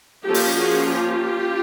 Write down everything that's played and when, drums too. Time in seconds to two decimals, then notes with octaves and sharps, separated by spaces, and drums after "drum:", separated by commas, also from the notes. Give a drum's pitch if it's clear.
0.25 F3 A#3 C#4 G4 A4
0.34 drum: open hi-hat
0.57 F#4 G#4
0.88 F4 G4